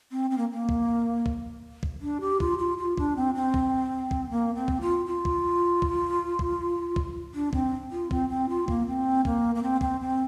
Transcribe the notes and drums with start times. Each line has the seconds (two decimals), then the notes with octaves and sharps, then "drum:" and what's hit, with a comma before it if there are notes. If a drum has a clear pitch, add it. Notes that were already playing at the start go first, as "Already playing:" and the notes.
0.11 C4
0.30 C4
0.38 A#3
0.52 A#3
0.69 drum: kick
1.26 drum: kick
1.83 drum: kick
2.01 D4
2.21 G4
2.40 F4, drum: kick
2.58 F4
2.78 F4
2.97 D4, drum: kick
3.16 C4
3.35 C4
3.54 drum: kick
4.11 drum: kick
4.30 A#3
4.55 C4
4.68 drum: kick
4.81 F4
5.06 F4
5.25 drum: kick
5.82 drum: kick
6.39 drum: kick
6.96 drum: kick
7.34 D4
7.53 C4, drum: kick
7.91 F4
8.11 C4, drum: kick
8.29 C4
8.49 F4
8.68 A#3, drum: kick
8.87 C4
9.25 A#3, drum: kick
9.55 A#3
9.63 C4
9.81 C4, drum: kick
10.01 C4